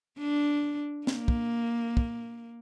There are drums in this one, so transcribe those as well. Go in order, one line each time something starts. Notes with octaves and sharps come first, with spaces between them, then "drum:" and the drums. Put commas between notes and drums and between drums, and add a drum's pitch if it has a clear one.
D4
A#3, drum: snare
drum: kick
drum: kick